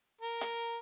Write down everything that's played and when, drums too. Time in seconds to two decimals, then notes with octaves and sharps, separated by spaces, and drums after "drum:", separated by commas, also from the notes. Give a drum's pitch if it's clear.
0.21 A#4
0.41 drum: hi-hat